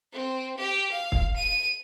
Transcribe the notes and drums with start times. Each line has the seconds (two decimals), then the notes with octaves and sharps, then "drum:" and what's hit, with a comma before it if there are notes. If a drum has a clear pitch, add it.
0.12 C4
0.58 G4
0.92 F5
1.12 drum: kick
1.36 D#7